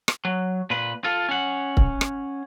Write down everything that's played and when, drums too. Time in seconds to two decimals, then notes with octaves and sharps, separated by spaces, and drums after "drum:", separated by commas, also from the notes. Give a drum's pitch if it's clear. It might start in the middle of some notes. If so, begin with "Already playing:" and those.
0.08 drum: rim click
0.25 F#3
0.70 A#2 B4
1.04 F4 A4
1.29 C#4 F#5
1.77 drum: kick C#1
2.01 drum: rim click